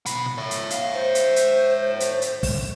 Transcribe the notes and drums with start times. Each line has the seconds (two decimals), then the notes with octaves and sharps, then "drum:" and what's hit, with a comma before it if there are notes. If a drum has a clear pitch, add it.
0.06 B2 B5, drum: hi-hat
0.38 C#5 E5
0.51 drum: hi-hat
0.70 F5, drum: hi-hat
0.93 C5
1.15 drum: hi-hat
1.36 drum: hi-hat
2.00 drum: hi-hat
2.22 drum: hi-hat
2.43 drum: kick, open hi-hat